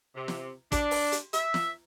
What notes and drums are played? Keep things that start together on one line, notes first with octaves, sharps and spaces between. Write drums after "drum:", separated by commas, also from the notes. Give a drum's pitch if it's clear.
C3
drum: snare
D4, drum: kick, hi-hat
drum: open hi-hat
drum: hi-hat
E5, drum: hi-hat
drum: snare